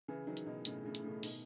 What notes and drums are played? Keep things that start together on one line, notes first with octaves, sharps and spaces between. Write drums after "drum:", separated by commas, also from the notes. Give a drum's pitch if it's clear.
C#3 E3
D#3 F#3
drum: hi-hat
B2 D#3
A2 C#3, drum: hi-hat
A2 C#3
drum: hi-hat
A2 C#3
B2 D#3, drum: open hi-hat